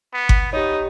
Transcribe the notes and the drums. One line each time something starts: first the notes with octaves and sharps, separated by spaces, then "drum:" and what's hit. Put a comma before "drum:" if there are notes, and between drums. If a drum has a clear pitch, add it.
B3
drum: kick G1
B3 D#4 G4 C#5